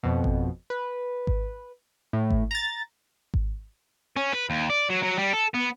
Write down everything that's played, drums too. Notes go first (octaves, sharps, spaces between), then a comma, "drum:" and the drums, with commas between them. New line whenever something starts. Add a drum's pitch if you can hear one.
F2 B2
drum: kick G#1
B4
drum: kick G#1
A2
drum: kick G#1
A#5 A6
drum: kick G#1
C#4
B4
D#2
D5
F#3
F#3
G3
A4
B3